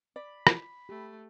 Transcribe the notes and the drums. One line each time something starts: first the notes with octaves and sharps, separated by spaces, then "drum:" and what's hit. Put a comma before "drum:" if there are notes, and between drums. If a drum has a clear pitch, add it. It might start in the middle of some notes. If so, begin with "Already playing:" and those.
D5 B5
drum: rim click
A3 G4